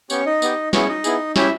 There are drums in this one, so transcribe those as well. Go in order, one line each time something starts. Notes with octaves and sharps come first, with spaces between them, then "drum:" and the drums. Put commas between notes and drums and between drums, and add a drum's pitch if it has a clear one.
B3 C#4 G4 C#5, drum: tambourine
D#4 D#5
B3 G4, drum: tambourine
B3 C#4 E4 G#4 C#5, drum: snare
D#4 D#5
B3 E4 G#4, drum: tambourine
C#4 E4 G4 E5, drum: snare